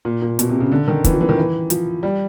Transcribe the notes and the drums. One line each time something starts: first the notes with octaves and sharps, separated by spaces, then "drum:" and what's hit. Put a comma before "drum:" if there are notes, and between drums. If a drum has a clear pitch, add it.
A#2
A#2
B2, drum: hi-hat
C3
C#3
D3
D#3
E3, drum: kick, hi-hat
F3
E3
D#3
E3
F3, drum: hi-hat
G3